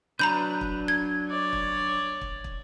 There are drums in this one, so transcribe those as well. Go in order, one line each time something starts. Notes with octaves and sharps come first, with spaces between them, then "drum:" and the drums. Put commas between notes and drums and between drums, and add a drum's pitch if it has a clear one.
F#3 D4 B4 A#5 B5 G6
drum: kick
G#6
C#5 D5
drum: kick
drum: kick
drum: kick